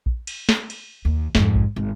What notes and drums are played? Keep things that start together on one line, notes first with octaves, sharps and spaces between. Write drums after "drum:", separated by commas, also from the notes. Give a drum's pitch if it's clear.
drum: kick A#1
drum: cymbal
drum: snare
drum: cymbal
D#2
F2 G#2, drum: snare
drum: kick A#1
G#1